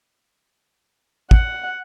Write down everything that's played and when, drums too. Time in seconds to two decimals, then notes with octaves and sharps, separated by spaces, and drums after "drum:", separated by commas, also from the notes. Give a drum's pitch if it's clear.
1.31 F#5, drum: kick